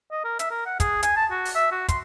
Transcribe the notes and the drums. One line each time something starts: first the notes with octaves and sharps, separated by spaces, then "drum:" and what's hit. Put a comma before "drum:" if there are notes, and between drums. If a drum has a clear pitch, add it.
D#5
A#4
E5, drum: hi-hat
A#4
F#5
G#4, drum: kick, hi-hat
G#5, drum: hi-hat
A5
F#4
drum: open hi-hat
E5
F#4
C6, drum: kick, hi-hat